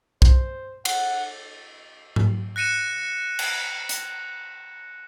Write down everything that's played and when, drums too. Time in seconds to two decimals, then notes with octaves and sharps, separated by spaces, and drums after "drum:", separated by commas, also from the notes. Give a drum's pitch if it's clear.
0.22 C5, drum: kick
0.85 F#5, drum: cymbal
2.16 drum: tom G#2
2.56 F#6 A#6 C#7 D#7 E7
3.39 drum: cymbal
3.89 drum: hi-hat